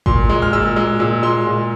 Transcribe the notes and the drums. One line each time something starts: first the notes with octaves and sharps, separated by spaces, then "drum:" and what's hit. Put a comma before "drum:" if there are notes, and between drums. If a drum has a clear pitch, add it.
A#2 C6, drum: kick G#1
G#3
F6
A#2 E6
G#3
A#2 E6
G#3 C6
A#2